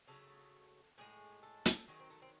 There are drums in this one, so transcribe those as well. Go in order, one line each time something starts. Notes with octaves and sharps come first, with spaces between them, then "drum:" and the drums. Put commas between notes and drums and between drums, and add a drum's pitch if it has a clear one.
C#3 F#3 A3 A4
A2 G#3 G#4
A4
drum: hi-hat
D#3 F#3 A3 G#4
C4
A3
C4